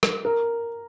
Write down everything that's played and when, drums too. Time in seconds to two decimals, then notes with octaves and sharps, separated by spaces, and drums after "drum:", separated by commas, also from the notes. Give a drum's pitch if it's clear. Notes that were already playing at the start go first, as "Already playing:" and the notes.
0.03 drum: rim click
0.25 A#4